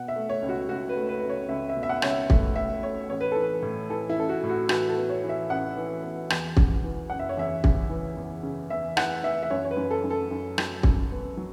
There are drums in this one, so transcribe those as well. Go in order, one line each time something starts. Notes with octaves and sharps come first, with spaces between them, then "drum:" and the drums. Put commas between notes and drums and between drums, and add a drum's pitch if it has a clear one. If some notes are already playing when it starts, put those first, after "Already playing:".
Already playing: B2 F#5
E5
A3
C#5
C#2
F#4
C#2 F#4
B4
A3
B4
C#2
C#5
C#2 E5
E5
B2
E5
F#5
C#2 C#5, drum: rim click
E5
A3, drum: kick
A3 E5
A3 C#5
A1 C#5
B4
E3 A4
B4
A2
E3 A4
E4
A1 A4
F#4
A2
F#4
E3 F#4, drum: rim click
A4
B3
C#5
E3
E5
A1 F#5
E3
B3
E2, drum: rim click
C#3, drum: kick
E3
F#1 F#5
E5
C#5
E2 E5
C#3, drum: kick
E3
E2
C#3
E2 E5
E3 F#5, drum: rim click
E3 E5
E5
F#2 C#5
C#5
B4
F#2
A4
F#2
A4
F#2
F#3, drum: rim click
F#2, drum: kick
B3
F#3